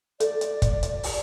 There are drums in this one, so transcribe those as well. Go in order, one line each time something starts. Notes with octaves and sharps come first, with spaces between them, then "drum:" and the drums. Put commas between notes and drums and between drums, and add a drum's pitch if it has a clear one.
A4 D5, drum: hi-hat
drum: hi-hat
drum: kick, hi-hat
drum: hi-hat
drum: open hi-hat